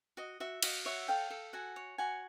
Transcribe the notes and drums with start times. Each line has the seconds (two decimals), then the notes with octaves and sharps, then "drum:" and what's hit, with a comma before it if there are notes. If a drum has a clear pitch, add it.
0.17 F#4 D#5
0.40 F#4 E5
0.63 F#4 D#5 F5, drum: cymbal
0.86 C#5 E5 F#5
1.08 A4 F5 G5
1.30 A4
1.53 F#4 F#5 G#5
1.76 C#5
1.98 F#4 F#5 G#5